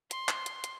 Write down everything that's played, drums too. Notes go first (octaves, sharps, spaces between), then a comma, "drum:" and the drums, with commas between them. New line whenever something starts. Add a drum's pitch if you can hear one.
C6, drum: hi-hat
drum: clap
drum: hi-hat
drum: hi-hat